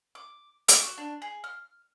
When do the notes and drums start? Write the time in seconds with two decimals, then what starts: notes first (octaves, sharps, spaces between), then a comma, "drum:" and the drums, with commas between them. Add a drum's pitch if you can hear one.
0.15 D6
0.68 D6, drum: hi-hat
0.81 F#4
0.98 D4
1.22 G#4
1.44 F6